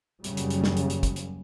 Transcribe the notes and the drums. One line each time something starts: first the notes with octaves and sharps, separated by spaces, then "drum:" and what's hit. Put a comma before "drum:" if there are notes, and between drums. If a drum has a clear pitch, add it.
F#1 D#2 C#3 F#3 G3, drum: hi-hat
drum: hi-hat
drum: hi-hat
drum: snare
drum: hi-hat
drum: hi-hat
drum: kick, hi-hat
drum: hi-hat